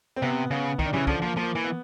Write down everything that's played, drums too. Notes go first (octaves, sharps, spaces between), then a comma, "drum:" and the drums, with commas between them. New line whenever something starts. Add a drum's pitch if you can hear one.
C4
C3 B3
C#3 B3
D#3, drum: kick
D4
C#3 E3 C#4
D3 F3 D4, drum: kick
F3 A#3
F3 A#3
E3
B3